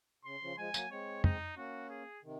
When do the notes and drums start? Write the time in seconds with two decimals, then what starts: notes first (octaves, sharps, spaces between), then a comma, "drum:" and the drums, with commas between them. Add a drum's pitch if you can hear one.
0.25 C#3 C6
0.41 C#3 F3
0.58 F3 G#3 G#5
0.74 F#3 A#3, drum: tambourine
0.90 G#3 C4 C#5
1.24 D#4, drum: tom
1.56 A#3 C#4 F#4
1.89 G#4
2.23 C3 D#3